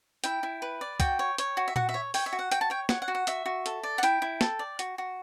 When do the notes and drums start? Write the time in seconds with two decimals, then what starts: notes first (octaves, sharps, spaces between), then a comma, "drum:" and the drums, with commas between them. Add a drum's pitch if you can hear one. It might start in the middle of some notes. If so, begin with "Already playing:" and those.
0.24 E4 G5, drum: hi-hat
0.43 E4
0.62 B4
0.81 D5
1.00 F#4 G5, drum: kick, hi-hat
1.19 C#5
1.38 C#5, drum: hi-hat
1.57 F#4
1.68 E5
1.76 F#4 F#5, drum: tom A#2
1.89 E5
1.94 C#5
2.14 C#5 G5, drum: open hi-hat
2.26 E5
2.32 F#4
2.39 F#5
2.52 F#4 G5, drum: hi-hat
2.61 A5
2.70 C#5 G5
2.89 C#5 F#5, drum: snare
3.02 F#5
3.08 F#4
3.15 F#5
3.27 F#4 E5, drum: hi-hat
3.46 F#4
3.66 A4, drum: hi-hat
3.83 D5
3.98 F#5
4.03 E4 G5, drum: hi-hat
4.22 E4
4.41 A4, drum: snare
4.59 D5
4.79 F#4, drum: hi-hat
4.98 F#4